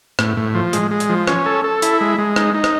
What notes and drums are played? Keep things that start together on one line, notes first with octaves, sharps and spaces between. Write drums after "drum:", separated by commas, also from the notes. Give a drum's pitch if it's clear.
A2, drum: rim click
A2
F3
G#3, drum: hi-hat
G#3
drum: hi-hat
F3
C#4, drum: rim click
A4
A4
E4, drum: hi-hat
G#3
G#3
D#4, drum: rim click
D#4
drum: rim click